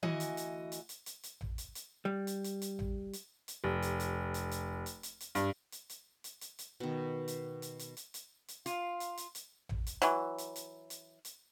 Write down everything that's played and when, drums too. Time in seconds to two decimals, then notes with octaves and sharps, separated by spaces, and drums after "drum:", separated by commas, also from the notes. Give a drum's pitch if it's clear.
0.03 D2 E3 F#4 D#5 G#5, drum: tom D#3
0.20 drum: hi-hat
0.37 drum: hi-hat
0.72 drum: hi-hat
0.89 drum: hi-hat
1.06 drum: hi-hat
1.23 drum: hi-hat
1.41 drum: tom A1
1.58 drum: hi-hat
1.75 drum: hi-hat
2.05 G3
2.27 drum: hi-hat
2.44 drum: hi-hat
2.62 drum: hi-hat
2.79 drum: tom A1
3.13 drum: hi-hat
3.48 drum: hi-hat
3.64 F1
3.82 drum: hi-hat
4.00 drum: hi-hat
4.34 drum: hi-hat
4.51 drum: hi-hat
4.86 drum: hi-hat
5.03 drum: hi-hat
5.20 drum: hi-hat
5.35 G2, drum: hi-hat
5.72 drum: hi-hat
5.90 drum: hi-hat
6.24 drum: hi-hat
6.41 drum: hi-hat
6.59 drum: hi-hat
6.80 B2 D#3
7.28 drum: hi-hat
7.62 drum: hi-hat
7.79 drum: hi-hat
7.97 drum: hi-hat
8.14 drum: hi-hat
8.48 drum: hi-hat
8.66 F4 F5, drum: hi-hat
9.00 drum: hi-hat
9.17 drum: hi-hat
9.35 drum: hi-hat
9.69 drum: tom A1
9.87 drum: hi-hat
10.02 E3 F#3, drum: hi-hat
10.38 drum: hi-hat
10.56 drum: hi-hat
10.90 drum: hi-hat
11.25 drum: hi-hat